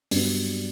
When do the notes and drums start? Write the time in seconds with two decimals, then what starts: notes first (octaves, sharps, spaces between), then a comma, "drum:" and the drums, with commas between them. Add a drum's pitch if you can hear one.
0.11 G2 F#3 B3, drum: open hi-hat